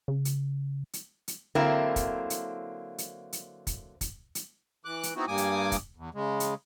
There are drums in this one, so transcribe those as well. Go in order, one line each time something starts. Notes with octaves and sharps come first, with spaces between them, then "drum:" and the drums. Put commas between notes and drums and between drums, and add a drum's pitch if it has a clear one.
C#3
drum: hi-hat
drum: hi-hat
drum: hi-hat
D3 F#3 A#3 C4 E4
drum: kick, hi-hat
drum: hi-hat
drum: hi-hat
drum: hi-hat
drum: kick, hi-hat
drum: kick, hi-hat
drum: hi-hat
E3 D6 F#6
drum: hi-hat
B3 C4 D#4 E4 F#4
G2 G3 A#3 G#5 D6 D#6
drum: hi-hat
drum: kick, hi-hat
E2
C#3 G#3
drum: hi-hat